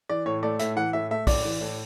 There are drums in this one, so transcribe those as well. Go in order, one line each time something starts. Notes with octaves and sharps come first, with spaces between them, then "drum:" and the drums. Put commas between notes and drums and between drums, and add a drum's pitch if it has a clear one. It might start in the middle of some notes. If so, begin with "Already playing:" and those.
E3 D5
A2 C#5
A3 D5
A2 E5, drum: hi-hat
E3 F#5
A2 E5
A3 E5
A2 D5, drum: kick, open hi-hat
E3
A2